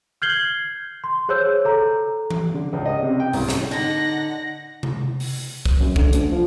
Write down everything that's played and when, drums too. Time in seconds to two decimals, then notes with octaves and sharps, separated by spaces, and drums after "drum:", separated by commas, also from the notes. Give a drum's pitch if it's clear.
0.22 F6 G6 G#6 C7 F#7 G7
1.04 C6
1.29 G#4 C5 C#5 E6 G6
1.65 A4 A#5
2.30 drum: tom E3
2.54 D3
2.73 C#2
2.86 D#5
3.03 C3
3.20 G5
3.33 C2, drum: open hi-hat
3.49 drum: snare
3.71 D3 D#4 F#5 A#6
4.83 drum: tom C3
5.20 drum: open hi-hat
5.65 drum: kick
5.80 F#2
5.96 D3, drum: kick
6.13 D2, drum: hi-hat
6.32 F3